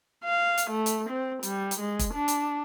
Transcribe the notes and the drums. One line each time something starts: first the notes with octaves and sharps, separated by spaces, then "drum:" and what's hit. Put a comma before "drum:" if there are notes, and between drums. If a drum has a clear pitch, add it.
F5
drum: hi-hat
A3
drum: hi-hat
C4
G3, drum: hi-hat
drum: hi-hat
G#3
drum: kick, hi-hat
D4
drum: hi-hat